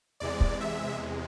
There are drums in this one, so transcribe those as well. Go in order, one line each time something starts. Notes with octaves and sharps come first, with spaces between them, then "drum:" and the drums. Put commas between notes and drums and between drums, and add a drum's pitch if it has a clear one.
E2 C3 G#3 D5
drum: kick
E5